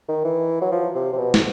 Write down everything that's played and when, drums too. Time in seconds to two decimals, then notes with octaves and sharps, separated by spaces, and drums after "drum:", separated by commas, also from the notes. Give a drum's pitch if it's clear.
0.08 D#3
0.24 E3
0.61 F#3
0.71 F3
0.95 C3
1.13 C3
1.18 B2
1.34 drum: snare